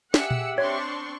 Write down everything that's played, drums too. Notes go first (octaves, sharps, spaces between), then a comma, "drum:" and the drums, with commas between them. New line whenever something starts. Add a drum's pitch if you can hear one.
G4 G#4 E5 F#5 G5 E6 C#7, drum: snare
drum: tom A#2
C4 D4 C#5 C6 C#6